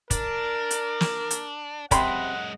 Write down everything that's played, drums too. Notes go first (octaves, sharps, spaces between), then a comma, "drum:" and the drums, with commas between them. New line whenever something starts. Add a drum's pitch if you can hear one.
D4 A#4, drum: kick, hi-hat
drum: hi-hat
drum: snare
drum: hi-hat
F#2 C3 G#3 F#5 B5 C6, drum: kick, hi-hat